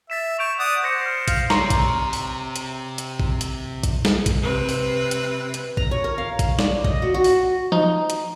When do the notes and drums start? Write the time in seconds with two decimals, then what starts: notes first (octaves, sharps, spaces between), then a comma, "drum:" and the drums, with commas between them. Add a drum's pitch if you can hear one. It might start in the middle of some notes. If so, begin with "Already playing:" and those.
0.10 E5 A6 B6 E7
0.39 C#6 G6 D7 F7
0.59 D5 F#5 D#6
0.83 C5 G6 A#6 C#7
1.02 F6 C7
1.28 F5, drum: kick, hi-hat
1.50 C3 C#5 D5 A#5 C6, drum: snare
1.70 drum: kick, hi-hat
2.13 drum: open hi-hat
2.56 drum: hi-hat
2.98 drum: hi-hat
3.20 drum: kick
3.41 drum: hi-hat
3.83 drum: kick, hi-hat
4.05 drum: snare
4.26 drum: kick, hi-hat
4.43 C3 B4
4.69 drum: open hi-hat
5.11 drum: hi-hat
5.54 drum: hi-hat
5.77 A#5, drum: kick
5.91 C#5
6.04 A#4
6.18 F5
6.39 drum: kick, hi-hat
6.59 D5, drum: snare
6.85 D#5, drum: kick
7.02 F#4
7.14 F#4
7.24 drum: open hi-hat
7.72 F3 D#4
8.10 drum: hi-hat